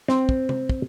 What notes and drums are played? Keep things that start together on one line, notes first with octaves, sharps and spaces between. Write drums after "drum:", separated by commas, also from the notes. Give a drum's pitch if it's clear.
C4, drum: snare
drum: kick
drum: tom C3
drum: kick